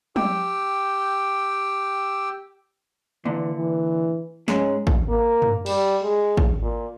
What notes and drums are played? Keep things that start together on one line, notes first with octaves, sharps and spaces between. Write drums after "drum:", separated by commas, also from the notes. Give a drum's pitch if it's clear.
G4 G5 E6, drum: tom
A#2 D3 E3
E3
G#2 G#3 C#4, drum: snare
drum: kick
A#3
drum: tom
G3, drum: cymbal
G#3
drum: kick
A#2